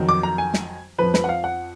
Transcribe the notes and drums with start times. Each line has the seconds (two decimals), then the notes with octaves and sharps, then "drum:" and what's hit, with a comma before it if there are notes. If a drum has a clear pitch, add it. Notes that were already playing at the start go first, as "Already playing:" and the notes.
Already playing: F2 D#3 F#3
0.09 D6
0.23 A#5
0.38 G#5
0.54 drum: snare
0.98 F2 F3 B4
1.14 B4, drum: snare
1.24 F#5
1.29 F5
1.44 F#5